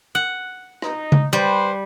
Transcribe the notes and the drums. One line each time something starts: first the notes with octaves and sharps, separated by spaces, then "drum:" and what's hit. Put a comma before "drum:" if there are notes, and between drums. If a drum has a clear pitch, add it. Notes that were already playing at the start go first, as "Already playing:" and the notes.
F#5
D#4, drum: rim click
drum: tom C#3
G3 B4 C5